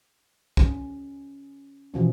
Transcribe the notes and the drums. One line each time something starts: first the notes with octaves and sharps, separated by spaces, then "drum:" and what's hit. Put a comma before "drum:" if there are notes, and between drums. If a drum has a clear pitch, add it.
C#4, drum: kick B1
B2 E3 F3 C#4